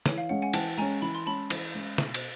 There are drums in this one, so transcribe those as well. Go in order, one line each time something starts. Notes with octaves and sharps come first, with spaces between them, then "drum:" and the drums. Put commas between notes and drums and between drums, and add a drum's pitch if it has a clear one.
E3 C#5, drum: snare
F5
G#3 C#4 F#5
F#5 G#5
E3 G5 A5, drum: cymbal
G#3 C#4 G#5 A#5
E3 B5
C6
G#3 C#4 A5 B5
E3, drum: cymbal
G#3 C#4
B2, drum: snare
drum: cymbal